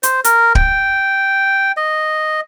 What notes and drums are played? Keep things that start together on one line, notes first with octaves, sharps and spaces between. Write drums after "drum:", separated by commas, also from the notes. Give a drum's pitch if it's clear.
C5, drum: hi-hat
A#4, drum: hi-hat
G5, drum: kick D1
D#5